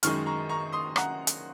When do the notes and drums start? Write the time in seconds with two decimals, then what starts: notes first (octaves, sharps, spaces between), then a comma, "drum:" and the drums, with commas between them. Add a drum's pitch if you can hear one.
0.03 F#2 D#3 G#3 D#4 C#6 F6, drum: hi-hat
0.26 A#5 C#6
0.49 A#5 C#6
0.72 C6 D#6
0.96 F#5 A#5, drum: rim click
1.27 drum: hi-hat